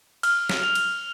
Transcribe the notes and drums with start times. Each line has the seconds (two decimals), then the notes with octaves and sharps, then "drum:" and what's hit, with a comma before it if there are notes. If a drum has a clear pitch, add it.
0.23 F6, drum: cymbal
0.49 drum: snare
0.63 F7
0.75 drum: cymbal